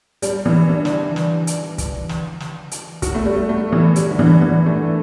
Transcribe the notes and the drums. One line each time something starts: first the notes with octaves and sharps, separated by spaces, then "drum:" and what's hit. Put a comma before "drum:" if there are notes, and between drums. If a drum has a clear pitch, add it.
G3, drum: hi-hat
E3
D4
drum: snare
drum: snare
drum: hi-hat
drum: kick, hi-hat
drum: snare
drum: snare
drum: hi-hat
F#4, drum: kick, hi-hat
A3
G3
A3
E3
G3, drum: hi-hat
D3
E3
E3
A3